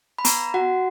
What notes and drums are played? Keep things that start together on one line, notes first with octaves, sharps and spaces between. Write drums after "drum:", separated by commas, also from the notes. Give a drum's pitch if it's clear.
B5
B3 A#5, drum: hi-hat
F#4 F#5